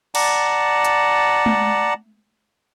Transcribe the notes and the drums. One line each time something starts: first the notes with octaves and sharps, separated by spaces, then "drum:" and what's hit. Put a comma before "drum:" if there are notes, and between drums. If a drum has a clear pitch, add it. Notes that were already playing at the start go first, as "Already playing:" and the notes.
D5 F#5 A5 A#5, drum: cymbal
drum: hi-hat
drum: tom G#3